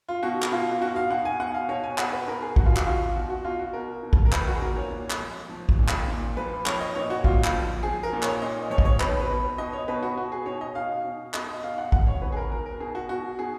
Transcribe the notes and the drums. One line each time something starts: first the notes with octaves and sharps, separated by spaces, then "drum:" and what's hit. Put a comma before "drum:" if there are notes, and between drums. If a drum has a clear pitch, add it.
F4
B2 F#4
drum: clap
B2 F4
B2 F#4
F5
B2 F#5
G#5
B2 F#5
F5
B2 C#5
G#5
B2 F#5, drum: clap
B4
B2 A#4
G#4
B2 F#4, drum: kick
F4
F#4, drum: clap
B2 F4
B2 F#4
F#4
B2 F4
F#4
B2 A#4
B2
drum: kick
A#4
F3 B4, drum: clap
F#4
G#4
A#2 A#4
C#5
A#2
drum: clap
F3
F3
drum: kick
A#2
drum: clap
A#2
F3 B4
F3 C#5, drum: clap
D#5
A#2 C#5
F#4
A#2 F4, drum: kick
drum: clap
F3
F3 G#4
A#4
A#2
C#5, drum: clap
A#2 D#5
F3 C#5
D#5, drum: kick
C#5
B2 B4, drum: clap
B4
B2
B2 D#5
C#5
B2 B4
F#4
B2 F#4
G#4
B2 C#5
D#5
B2 F5
B2
B2 D#5, drum: clap
D#5
B2 F5
F#5
B2 F#5, drum: kick
C#5
B2 B4
G#4
A#4
B2 A#4
A#4
B2 G#4
F#4
B2 F#4
B2 G#4